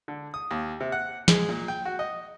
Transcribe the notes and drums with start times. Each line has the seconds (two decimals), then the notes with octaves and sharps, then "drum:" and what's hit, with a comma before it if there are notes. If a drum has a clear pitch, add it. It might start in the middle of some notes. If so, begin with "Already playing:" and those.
0.08 D3
0.34 D#6
0.51 D#2
0.80 C3
0.92 F#5
1.28 G#3, drum: snare
1.49 A#2
1.68 G5
1.85 F#4
1.99 D#5